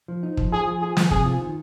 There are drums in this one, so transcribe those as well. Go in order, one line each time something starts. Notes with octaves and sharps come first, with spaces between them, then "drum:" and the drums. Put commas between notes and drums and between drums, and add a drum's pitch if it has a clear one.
F3
D#4
F3, drum: kick
F4 G#4
F3
F4 G#4
F3, drum: snare
C3 G#4, drum: kick
F4
D#3